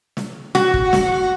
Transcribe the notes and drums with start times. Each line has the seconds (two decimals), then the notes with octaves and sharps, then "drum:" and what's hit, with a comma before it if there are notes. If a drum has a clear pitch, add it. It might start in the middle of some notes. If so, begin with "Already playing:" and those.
0.17 drum: snare
0.55 F#4, drum: snare
0.74 drum: kick
0.93 drum: snare